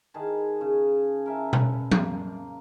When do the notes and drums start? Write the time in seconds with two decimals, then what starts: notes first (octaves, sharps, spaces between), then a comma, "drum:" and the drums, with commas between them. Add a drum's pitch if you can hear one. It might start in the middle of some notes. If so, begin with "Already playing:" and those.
0.14 D#3 G#4 B4 A5
0.61 C#3
1.26 A#4 E5 G#5 A5
1.53 B4, drum: tom B2
1.92 A#3, drum: tom F3